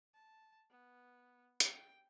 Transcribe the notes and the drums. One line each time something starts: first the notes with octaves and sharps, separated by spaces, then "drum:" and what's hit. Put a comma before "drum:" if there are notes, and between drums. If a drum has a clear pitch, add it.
A5
B3
G5, drum: hi-hat